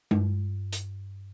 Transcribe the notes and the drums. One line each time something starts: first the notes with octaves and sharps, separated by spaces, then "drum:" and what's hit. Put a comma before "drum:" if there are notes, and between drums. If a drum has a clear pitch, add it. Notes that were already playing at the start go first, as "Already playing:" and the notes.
G2, drum: tom G#3
drum: hi-hat